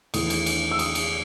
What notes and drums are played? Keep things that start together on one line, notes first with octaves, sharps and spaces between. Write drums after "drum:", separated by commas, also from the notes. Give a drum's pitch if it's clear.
E2 D#3 A3 E4 D#6, drum: cymbal
drum: cymbal
drum: cymbal
E6
D#6, drum: cymbal
drum: cymbal